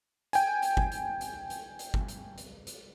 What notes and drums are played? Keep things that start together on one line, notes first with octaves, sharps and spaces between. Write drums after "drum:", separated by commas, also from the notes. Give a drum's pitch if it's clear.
G5 G#5, drum: hi-hat
drum: hi-hat
drum: kick G1
drum: hi-hat
drum: hi-hat
drum: hi-hat
drum: hi-hat
drum: kick G1
drum: hi-hat
drum: hi-hat
drum: hi-hat